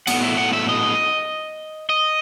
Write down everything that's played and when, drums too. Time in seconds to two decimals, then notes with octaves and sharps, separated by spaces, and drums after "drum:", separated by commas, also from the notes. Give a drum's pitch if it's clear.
0.07 A2 F#3 B3 F#5, drum: cymbal
0.23 E5
0.38 F#5
0.53 E5
0.69 D#5
1.89 D#5